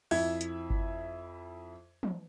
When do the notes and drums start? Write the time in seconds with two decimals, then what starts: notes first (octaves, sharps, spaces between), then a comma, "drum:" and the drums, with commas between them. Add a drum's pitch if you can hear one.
0.11 F2 E4 E5 G#6, drum: open hi-hat
0.41 drum: hi-hat
0.70 drum: kick G1
2.03 drum: tom